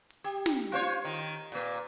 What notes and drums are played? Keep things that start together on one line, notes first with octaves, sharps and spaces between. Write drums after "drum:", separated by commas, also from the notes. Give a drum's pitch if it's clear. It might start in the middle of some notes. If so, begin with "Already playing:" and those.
drum: hi-hat
G4
drum: snare
F4 C5 C#5
drum: hi-hat
D#3
drum: hi-hat
A#2 A#3, drum: hi-hat